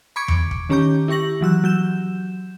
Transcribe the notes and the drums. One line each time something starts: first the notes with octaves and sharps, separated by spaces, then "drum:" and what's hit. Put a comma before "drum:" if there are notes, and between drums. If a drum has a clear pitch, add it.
B5 C#6 D6 G#6 C#7 D7
drum: tom E2
drum: kick
D#3 C#4 G4 A#5 D6 G6
E4 G4 C#6 A#6 F#7
E3 F#3 E6 F#6
F#3 G6 E7